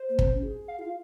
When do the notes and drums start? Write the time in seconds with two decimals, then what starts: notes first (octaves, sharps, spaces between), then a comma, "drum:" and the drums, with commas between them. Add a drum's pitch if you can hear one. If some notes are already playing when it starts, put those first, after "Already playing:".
Already playing: C5
0.09 A#3
0.19 C4, drum: kick
0.31 C#4
0.43 G#4
0.68 F5
0.79 E4 F5
0.85 F4